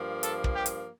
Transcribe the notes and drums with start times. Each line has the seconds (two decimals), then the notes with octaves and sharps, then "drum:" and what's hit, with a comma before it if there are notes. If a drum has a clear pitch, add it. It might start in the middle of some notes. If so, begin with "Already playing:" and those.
Already playing: G2 F3 A#3
0.23 A4, drum: hi-hat
0.44 drum: kick
0.55 G4
0.66 drum: hi-hat